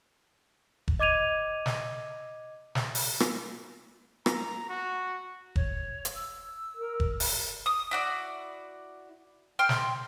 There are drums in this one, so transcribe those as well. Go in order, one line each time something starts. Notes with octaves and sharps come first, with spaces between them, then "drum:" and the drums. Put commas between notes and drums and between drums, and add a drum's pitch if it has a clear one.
drum: kick
D#5 D6 G#6 D#7 F7
drum: snare
drum: snare
drum: open hi-hat
drum: rim click
A#5, drum: rim click
F#4
C#5, drum: kick
drum: hi-hat
E6
A#4
drum: kick
drum: open hi-hat
D#6
E4 F#4 D5
G5 C6 F6
drum: snare